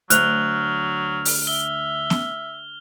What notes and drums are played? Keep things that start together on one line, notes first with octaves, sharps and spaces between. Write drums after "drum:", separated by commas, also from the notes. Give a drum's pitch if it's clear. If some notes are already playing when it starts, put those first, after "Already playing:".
D2 F#3 F6 F#6 F7, drum: hi-hat
drum: open hi-hat
E5 G7
drum: snare B3